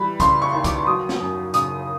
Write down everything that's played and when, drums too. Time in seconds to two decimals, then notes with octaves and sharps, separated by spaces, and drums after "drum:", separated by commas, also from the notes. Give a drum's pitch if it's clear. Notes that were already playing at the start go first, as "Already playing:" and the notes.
Already playing: E3 G3 B5
0.20 C#3 C6, drum: kick, hi-hat
0.42 C#6
0.53 D#2
0.64 D6, drum: kick, hi-hat
0.86 F#3 D#6
1.09 drum: snare
1.20 F#2
1.54 C#3 D#6, drum: hi-hat